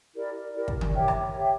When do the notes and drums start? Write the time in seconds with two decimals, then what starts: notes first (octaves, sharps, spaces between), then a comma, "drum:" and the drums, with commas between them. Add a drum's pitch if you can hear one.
0.14 E4 G4 A#4 D5
0.54 E4 G4 A#4 D5
0.68 drum: kick
0.81 drum: tom D3
0.95 G4 C#5 E5 G5
1.08 drum: rim click
1.35 G4 C#5 E5 G5